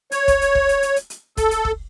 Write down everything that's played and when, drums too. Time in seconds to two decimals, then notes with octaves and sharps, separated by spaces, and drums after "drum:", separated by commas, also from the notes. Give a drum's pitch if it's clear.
0.12 C#5, drum: hi-hat
0.28 drum: kick, hi-hat
0.41 drum: hi-hat
0.55 drum: kick
0.69 drum: hi-hat
0.83 drum: hi-hat
0.96 drum: hi-hat
1.10 drum: hi-hat
1.37 A4, drum: kick, hi-hat
1.51 drum: hi-hat
1.65 drum: kick